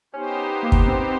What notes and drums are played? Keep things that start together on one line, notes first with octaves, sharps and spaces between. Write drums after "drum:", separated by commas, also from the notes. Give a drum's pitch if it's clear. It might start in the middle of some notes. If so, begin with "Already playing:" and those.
B3 C#4 D#4 G4 C5
A#3
drum: kick
C4
C4